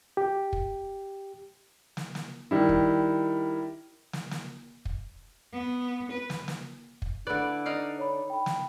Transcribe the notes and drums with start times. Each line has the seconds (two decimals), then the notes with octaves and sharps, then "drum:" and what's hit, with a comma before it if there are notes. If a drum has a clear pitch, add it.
0.17 G4
0.53 drum: kick
1.97 drum: snare
2.15 drum: snare
2.51 D#3 G3 E4
2.69 drum: kick
4.13 drum: snare
4.31 drum: snare
4.85 drum: kick
5.53 B3
6.11 B4
6.30 drum: snare
6.48 drum: snare
7.02 drum: kick
7.27 D3 D4 E4 B4 D5 F#6 D7
7.66 D#4 D5 F5
7.99 C#5 B5
8.30 G5 B5
8.46 drum: snare